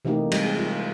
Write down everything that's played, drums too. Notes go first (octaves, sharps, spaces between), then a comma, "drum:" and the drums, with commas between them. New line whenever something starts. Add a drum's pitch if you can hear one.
C3 E3 A3 A#3 D#4 G4
G3 G#3, drum: cymbal
F4